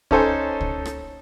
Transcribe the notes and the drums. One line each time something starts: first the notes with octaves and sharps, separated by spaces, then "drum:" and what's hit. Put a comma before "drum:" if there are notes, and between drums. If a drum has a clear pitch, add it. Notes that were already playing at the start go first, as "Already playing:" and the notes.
C#4 D#4 A4 C5 C#5 G#5, drum: kick C#2
drum: kick C#2
drum: rim click